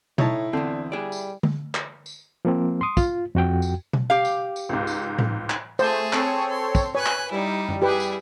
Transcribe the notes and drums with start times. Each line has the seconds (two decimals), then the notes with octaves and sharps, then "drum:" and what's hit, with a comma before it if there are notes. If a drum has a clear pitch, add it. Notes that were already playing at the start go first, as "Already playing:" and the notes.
0.18 A2 D#4 E4 C#5 A5, drum: tom B2
0.53 E2 D3 C4 D4
0.92 G3 G#4 D5
1.12 drum: tambourine
1.43 drum: tom D3
1.75 drum: clap
2.06 drum: tambourine
2.45 F3 A#3 C4
2.81 C6 D#6
2.97 F4, drum: kick, tambourine
3.35 F2 F#4 G5
3.62 drum: tambourine
3.93 drum: tom B2
4.10 G4 F5
4.25 drum: tambourine
4.56 drum: tambourine
4.69 C#2 G#2
4.87 drum: tambourine
5.18 drum: tom A2
5.50 drum: clap
5.79 A3 G#4 C5 A5, drum: tambourine
6.13 C4 A4 C#5, drum: clap
6.50 C6
6.75 drum: kick, tambourine
6.95 B4 C#5 G#5 F#6
7.06 drum: clap
7.31 G3 D#4 E4
7.69 drum: tom F#2
7.82 E4 G4 G#4 B4
8.00 drum: tambourine